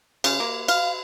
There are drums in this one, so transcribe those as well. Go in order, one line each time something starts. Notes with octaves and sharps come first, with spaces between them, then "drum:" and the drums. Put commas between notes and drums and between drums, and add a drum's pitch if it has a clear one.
C#3, drum: cymbal
A#3
F5, drum: cymbal